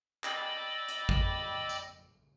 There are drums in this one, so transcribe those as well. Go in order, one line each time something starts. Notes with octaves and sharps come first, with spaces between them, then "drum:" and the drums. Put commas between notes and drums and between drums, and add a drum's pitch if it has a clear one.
D5 D#5 G5 B5 D6 E6, drum: clap
drum: hi-hat
drum: kick
drum: tambourine